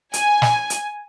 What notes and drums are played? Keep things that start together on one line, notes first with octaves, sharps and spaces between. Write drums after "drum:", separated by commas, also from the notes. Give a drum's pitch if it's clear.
G#5, drum: hi-hat
drum: snare
drum: hi-hat